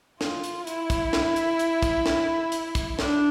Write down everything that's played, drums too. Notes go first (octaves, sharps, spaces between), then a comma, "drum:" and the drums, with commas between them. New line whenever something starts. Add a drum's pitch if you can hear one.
F4, drum: snare
drum: hi-hat
E4, drum: hi-hat
drum: kick, hi-hat
drum: snare
drum: hi-hat
drum: hi-hat
drum: kick, hi-hat
drum: snare
drum: hi-hat
drum: kick, hi-hat
D4, drum: snare